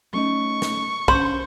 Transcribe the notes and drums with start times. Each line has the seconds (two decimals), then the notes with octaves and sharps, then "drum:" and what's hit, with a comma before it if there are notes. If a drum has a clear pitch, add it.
0.13 A3 C#4 D#4 C#6
0.62 drum: snare
1.08 D3 C#4 C5 B5, drum: kick B1